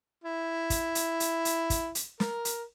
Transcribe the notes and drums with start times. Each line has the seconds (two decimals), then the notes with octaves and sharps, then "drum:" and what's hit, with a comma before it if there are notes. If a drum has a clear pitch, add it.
0.24 E4
0.70 drum: kick, hi-hat
0.95 drum: hi-hat
1.20 drum: hi-hat
1.45 drum: hi-hat
1.70 drum: kick, hi-hat
1.95 drum: hi-hat
2.20 A#4, drum: snare
2.45 drum: hi-hat